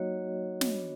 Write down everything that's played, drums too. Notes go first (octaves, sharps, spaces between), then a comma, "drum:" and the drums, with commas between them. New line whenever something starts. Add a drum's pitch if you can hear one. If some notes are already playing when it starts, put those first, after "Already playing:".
Already playing: F#3 A#3 D#4 F#4 C#5 D#5
B3 D4 F#4, drum: snare